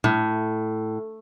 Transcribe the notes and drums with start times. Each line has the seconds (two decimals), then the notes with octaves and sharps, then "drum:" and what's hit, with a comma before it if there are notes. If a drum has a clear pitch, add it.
0.04 A2, drum: tom